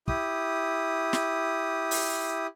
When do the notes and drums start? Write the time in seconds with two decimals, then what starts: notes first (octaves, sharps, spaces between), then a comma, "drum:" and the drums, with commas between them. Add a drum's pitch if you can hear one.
0.08 E4 G4 D#6, drum: kick
1.13 drum: snare
1.91 drum: open hi-hat